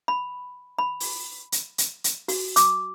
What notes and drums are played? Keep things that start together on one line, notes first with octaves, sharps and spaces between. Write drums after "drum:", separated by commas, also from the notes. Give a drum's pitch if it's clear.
B5
B5
drum: open hi-hat
drum: hi-hat
drum: hi-hat
drum: hi-hat
F#4, drum: open hi-hat
D6, drum: hi-hat